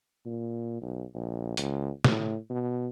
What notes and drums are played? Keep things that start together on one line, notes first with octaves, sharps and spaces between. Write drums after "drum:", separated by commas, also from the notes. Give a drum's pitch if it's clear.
A#2
B1
A#1
C#2, drum: hi-hat
A2, drum: snare
B2